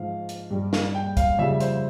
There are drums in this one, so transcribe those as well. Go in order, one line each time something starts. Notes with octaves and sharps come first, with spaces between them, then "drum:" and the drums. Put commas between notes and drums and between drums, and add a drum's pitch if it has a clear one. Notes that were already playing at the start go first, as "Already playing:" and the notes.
Already playing: G#2 F3 F5
drum: hi-hat
G2 G3
drum: snare
G5
F5, drum: kick, hi-hat
F2 C#3 G3 E5
C5, drum: hi-hat